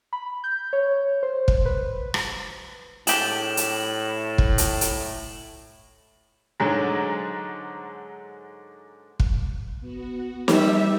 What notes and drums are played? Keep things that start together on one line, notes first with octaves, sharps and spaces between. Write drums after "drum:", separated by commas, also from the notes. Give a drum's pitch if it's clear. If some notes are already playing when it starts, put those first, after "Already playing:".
B5
G6
C#5
C5
drum: kick
B4
drum: rim click
A2 D4 G4 G#4 E7 F#7, drum: hi-hat
drum: hi-hat
drum: kick
drum: hi-hat
drum: hi-hat
G#2 D3 F#3 G#3
drum: kick
B3 F#4
G3 D#4 E5, drum: snare